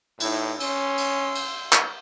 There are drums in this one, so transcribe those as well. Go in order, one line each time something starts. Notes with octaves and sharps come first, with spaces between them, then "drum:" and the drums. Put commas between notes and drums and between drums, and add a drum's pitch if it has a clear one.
A2 D#4 E4, drum: cymbal
C#4 C6 E6, drum: cymbal
drum: cymbal
drum: cymbal
drum: clap